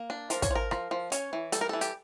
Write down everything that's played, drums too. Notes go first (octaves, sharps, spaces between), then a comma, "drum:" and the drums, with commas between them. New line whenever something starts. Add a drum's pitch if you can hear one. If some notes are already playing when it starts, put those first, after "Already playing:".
Already playing: A#3
D4
F3 A#4, drum: hi-hat
C#5, drum: kick, hi-hat
F3 A#4
F3, drum: rim click
F3
C#4 C#5, drum: hi-hat
E3
G3 A4, drum: hi-hat
A#4
E3 A4
G4, drum: hi-hat